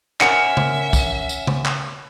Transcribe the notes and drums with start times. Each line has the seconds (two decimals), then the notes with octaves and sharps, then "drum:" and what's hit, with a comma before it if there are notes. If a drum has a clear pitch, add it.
0.21 C#4 A#4 E5 F#5 G#5 C#7, drum: clap
0.57 drum: tom C#3
0.93 drum: kick, tambourine
1.29 drum: tambourine
1.47 drum: tom C#3
1.65 drum: clap